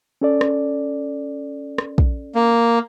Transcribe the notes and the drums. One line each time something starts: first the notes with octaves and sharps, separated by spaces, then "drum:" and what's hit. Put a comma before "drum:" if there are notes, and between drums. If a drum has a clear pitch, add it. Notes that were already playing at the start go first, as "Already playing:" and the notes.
C#4 A4 D5
drum: rim click
drum: rim click
drum: kick
A#3